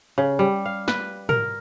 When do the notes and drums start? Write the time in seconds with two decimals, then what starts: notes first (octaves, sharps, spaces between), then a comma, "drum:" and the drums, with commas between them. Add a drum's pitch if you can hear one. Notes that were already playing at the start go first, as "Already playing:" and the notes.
0.18 C#3
0.39 G3
0.65 F5
0.88 B4, drum: snare
1.29 A#4, drum: tom